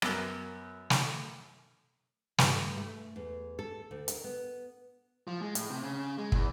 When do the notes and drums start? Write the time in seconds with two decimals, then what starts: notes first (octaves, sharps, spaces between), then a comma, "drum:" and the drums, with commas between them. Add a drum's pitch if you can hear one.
0.02 F#2 B3 A#4, drum: rim click
0.90 drum: snare
2.38 G2, drum: snare
2.77 A3
3.16 E2
3.59 A4
3.91 D2
4.08 A#4, drum: hi-hat
4.24 B3
5.27 F3
5.42 G#3
5.55 A2, drum: hi-hat
5.70 C3
5.83 C#3
6.19 G#3
6.32 E2, drum: kick